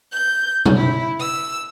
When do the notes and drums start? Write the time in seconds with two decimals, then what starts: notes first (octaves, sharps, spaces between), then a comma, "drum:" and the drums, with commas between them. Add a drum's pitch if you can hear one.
0.12 G6
0.66 drum: tom B2
0.75 E4
1.20 E6